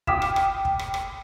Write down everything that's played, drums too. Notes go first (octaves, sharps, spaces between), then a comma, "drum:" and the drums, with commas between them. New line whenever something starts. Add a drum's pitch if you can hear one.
G5 D6 D#6 F6 B6 E7, drum: kick
drum: rim click
drum: rim click
drum: kick
drum: rim click
drum: rim click